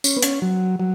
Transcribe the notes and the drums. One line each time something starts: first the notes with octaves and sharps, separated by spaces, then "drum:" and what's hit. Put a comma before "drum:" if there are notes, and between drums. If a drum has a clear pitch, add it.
C#4, drum: tambourine
B3
C#4, drum: hi-hat
F#3
F#3